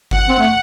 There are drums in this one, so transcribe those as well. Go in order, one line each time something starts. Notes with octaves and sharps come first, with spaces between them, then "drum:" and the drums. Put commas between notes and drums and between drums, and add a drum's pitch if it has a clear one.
F#5, drum: kick G1
C4
A3